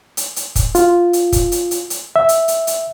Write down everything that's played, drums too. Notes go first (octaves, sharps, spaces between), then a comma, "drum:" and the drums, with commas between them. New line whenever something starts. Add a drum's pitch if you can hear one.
drum: hi-hat
drum: hi-hat
drum: kick, hi-hat
F4, drum: hi-hat
drum: hi-hat
drum: kick, hi-hat
drum: hi-hat
drum: hi-hat
drum: hi-hat
E5
drum: hi-hat
drum: hi-hat
drum: hi-hat